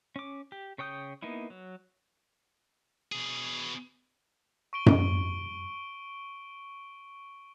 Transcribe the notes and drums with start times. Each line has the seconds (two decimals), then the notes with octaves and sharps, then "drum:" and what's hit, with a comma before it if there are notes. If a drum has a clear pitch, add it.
0.16 C#4 D6
0.52 G4
0.78 C#3 C#5 G5 D#6 G6
1.22 A#3 B3 D#4 E4
1.50 F#3
3.12 B2 G#4
4.73 C#6 D7 G7
4.86 drum: tom F#2